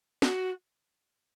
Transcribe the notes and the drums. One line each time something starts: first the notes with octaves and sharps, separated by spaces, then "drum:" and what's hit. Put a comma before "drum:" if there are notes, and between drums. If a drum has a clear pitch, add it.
F#4, drum: snare